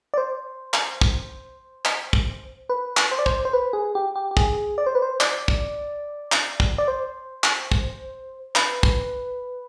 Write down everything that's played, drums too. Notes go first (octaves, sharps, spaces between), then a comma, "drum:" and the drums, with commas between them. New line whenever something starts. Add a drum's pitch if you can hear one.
D5
C5
drum: clap
drum: kick
drum: clap
drum: kick
B4
drum: clap
C5
D5
C5, drum: kick
C5
B4
G#4
G4
G4
G4
G#4, drum: kick
D5
C5
B4
C5
D5, drum: clap
drum: kick
drum: clap
drum: kick
D5
C5
drum: clap
drum: kick
B4, drum: clap
drum: kick